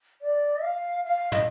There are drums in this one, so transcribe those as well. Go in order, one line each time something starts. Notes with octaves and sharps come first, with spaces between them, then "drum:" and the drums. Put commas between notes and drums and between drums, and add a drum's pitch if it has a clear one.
D5
F5
F5
D#5, drum: tom